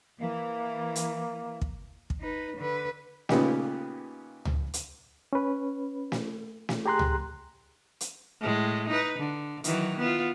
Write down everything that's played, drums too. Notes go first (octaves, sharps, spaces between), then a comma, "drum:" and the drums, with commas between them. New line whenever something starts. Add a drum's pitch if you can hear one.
E3 A#3
drum: hi-hat
drum: kick
drum: kick
D#4 B4
D3 B4
A#2 C#3 B3 C#4 D#4 G4, drum: snare
drum: tom C#2
drum: hi-hat
C#4 B4
drum: snare
drum: snare
G4 G#4 A#5 C6 F#6
drum: tom C#2
drum: hi-hat
A2 G#3
D#4 B4
D3
D#3 E3 F#3, drum: hi-hat
B3 F4